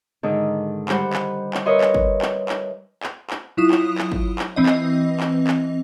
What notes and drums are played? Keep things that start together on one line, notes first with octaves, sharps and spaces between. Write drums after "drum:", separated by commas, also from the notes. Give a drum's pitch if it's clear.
G#2 D3 D#3 D#4
G3 C5 F#5 B5, drum: clap
drum: clap
drum: clap
A#4 B4 C#5 D#5 E5 C6
drum: clap
drum: kick
drum: clap
drum: clap
drum: clap
drum: clap
F#3 E4 F4 D#6
drum: clap
drum: clap
drum: kick
drum: clap
E3 C4 D#5
drum: clap
drum: clap
drum: clap